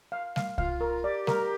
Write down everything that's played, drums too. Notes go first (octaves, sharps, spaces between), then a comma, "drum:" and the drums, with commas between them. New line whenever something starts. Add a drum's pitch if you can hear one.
F5
F5, drum: snare G3
F4 F5, drum: kick C2
A#4
G4 D5
A#4, drum: snare G3